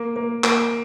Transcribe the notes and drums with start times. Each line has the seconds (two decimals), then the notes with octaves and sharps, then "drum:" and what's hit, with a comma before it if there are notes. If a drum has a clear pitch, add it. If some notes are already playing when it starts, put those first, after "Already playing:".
Already playing: A#3
0.16 A#3
0.44 A#3, drum: clap